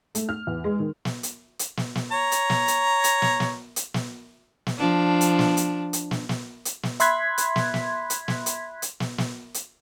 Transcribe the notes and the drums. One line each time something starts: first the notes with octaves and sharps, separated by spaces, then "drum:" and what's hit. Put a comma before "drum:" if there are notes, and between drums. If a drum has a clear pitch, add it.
A3, drum: hi-hat
F6
E2
G#3
D#3
drum: snare
drum: hi-hat
drum: hi-hat
drum: snare
drum: snare
C#5 A#5
drum: hi-hat
drum: snare
drum: hi-hat
drum: hi-hat
drum: snare
drum: snare
drum: hi-hat
drum: snare
drum: snare
F3 D4
drum: hi-hat
drum: snare
drum: hi-hat
drum: hi-hat
drum: snare
drum: snare
drum: hi-hat
drum: snare
E5 B5 C6 F#6 G#6 B6, drum: hi-hat
drum: hi-hat
drum: snare
drum: snare
drum: hi-hat
drum: snare
drum: hi-hat
drum: hi-hat
drum: snare
drum: snare
drum: hi-hat